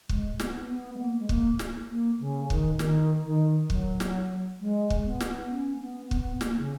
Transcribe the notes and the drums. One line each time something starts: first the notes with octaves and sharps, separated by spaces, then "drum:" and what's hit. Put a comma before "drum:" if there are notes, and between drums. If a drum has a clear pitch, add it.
G#3, drum: kick
B3, drum: snare
B3
G#3
A#3
G#3
A#3, drum: kick
drum: snare
A#3
C#3
D#3, drum: kick
D#3, drum: snare
D#3
F#3, drum: kick
drum: snare
G#3
drum: kick
B3
drum: snare
C#4
A#3
B3
B3, drum: kick
A#3, drum: snare
C#3